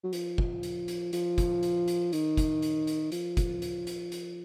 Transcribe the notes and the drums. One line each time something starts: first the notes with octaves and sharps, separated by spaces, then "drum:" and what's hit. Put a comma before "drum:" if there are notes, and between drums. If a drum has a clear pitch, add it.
F#3
F3, drum: hi-hat
drum: kick
drum: hi-hat
drum: hi-hat
F3, drum: hi-hat
drum: kick, hi-hat
drum: hi-hat
drum: hi-hat
D#3, drum: hi-hat
drum: kick, hi-hat
drum: hi-hat
drum: hi-hat
F3, drum: hi-hat
drum: kick, hi-hat
drum: hi-hat
drum: hi-hat
drum: hi-hat